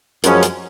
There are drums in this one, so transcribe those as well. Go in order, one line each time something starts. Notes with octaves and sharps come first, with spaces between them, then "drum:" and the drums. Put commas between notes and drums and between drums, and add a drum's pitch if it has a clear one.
F#2 F3 G#3 C#4, drum: hi-hat
drum: hi-hat